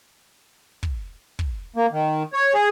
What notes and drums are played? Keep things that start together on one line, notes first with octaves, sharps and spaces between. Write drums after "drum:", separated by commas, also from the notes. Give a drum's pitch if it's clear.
drum: kick
drum: kick
A#3
D#3
C#5
G#4